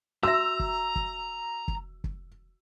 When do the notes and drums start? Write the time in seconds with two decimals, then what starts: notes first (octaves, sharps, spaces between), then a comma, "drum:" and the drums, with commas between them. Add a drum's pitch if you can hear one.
0.23 F#4 E5 A#5 E6
0.60 drum: kick
0.96 drum: kick
1.68 drum: kick
2.04 drum: kick